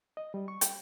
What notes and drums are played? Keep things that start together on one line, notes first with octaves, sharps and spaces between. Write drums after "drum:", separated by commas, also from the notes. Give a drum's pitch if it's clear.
D#5
G3
C#6
G5, drum: hi-hat